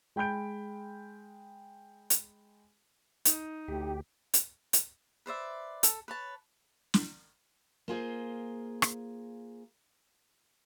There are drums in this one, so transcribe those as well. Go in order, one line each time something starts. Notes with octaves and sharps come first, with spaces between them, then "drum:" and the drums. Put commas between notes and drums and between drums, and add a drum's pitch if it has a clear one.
G#3 G5 B5 G6 D7
drum: hi-hat
D#4, drum: hi-hat
D2 G4
drum: hi-hat
drum: hi-hat
B4 C5 D5 E5
A4, drum: hi-hat
B4 C#5 A5
drum: snare
A#3 F4 G#4 C5
drum: rim click